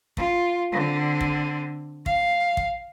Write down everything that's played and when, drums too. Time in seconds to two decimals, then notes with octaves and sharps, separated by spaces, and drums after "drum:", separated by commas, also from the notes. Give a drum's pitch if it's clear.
0.17 F4, drum: kick
0.72 D3 C4
1.21 drum: kick
2.06 F5, drum: kick
2.57 drum: kick